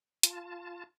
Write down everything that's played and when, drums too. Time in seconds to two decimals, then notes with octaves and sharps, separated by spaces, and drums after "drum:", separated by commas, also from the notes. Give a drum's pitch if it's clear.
0.23 F4 A5, drum: hi-hat